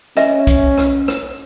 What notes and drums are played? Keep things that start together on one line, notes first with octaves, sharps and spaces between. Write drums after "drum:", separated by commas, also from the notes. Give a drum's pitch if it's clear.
C#4 D#5 E5 G#5, drum: rim click
drum: kick B1, hi-hat
drum: rim click
drum: rim click